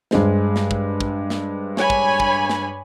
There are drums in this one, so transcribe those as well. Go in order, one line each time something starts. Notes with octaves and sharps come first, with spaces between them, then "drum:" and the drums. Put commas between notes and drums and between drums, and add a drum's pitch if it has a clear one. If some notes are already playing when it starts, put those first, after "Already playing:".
G2 G#3 C5, drum: snare
drum: snare
drum: kick
drum: kick
drum: snare
C#5 G#5 B5, drum: snare
drum: kick
drum: kick
drum: snare